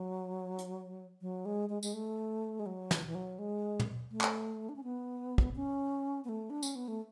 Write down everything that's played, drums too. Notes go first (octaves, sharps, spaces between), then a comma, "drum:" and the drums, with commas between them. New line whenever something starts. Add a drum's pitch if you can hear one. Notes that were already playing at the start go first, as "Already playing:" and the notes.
Already playing: F#3
drum: hi-hat
F#3
G#3
G#3
G#3, drum: tambourine
A3
G#3
F#3
E3, drum: snare
E3
F#3
G#3
drum: tom
A3
drum: clap
D4
C#4
B3
drum: kick
C#4
B3
A3
D4
C#4, drum: tambourine
B3
A3